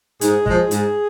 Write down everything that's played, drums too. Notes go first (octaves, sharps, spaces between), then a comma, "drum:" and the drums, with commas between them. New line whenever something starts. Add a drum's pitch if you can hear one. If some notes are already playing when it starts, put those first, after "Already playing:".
G#2 G#4, drum: hi-hat
F3 G#3, drum: kick
G#2, drum: hi-hat